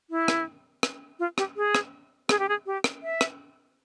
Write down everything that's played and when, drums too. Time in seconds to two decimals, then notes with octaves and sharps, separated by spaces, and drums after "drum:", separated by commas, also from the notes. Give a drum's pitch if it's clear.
0.10 E4
0.28 drum: rim click
0.83 drum: rim click
1.19 F4
1.38 G4, drum: rim click
1.57 G#4
1.75 drum: rim click
2.29 G#4, drum: rim click
2.39 G4
2.49 G#4
2.66 G4
2.84 drum: rim click
3.03 E5
3.21 drum: rim click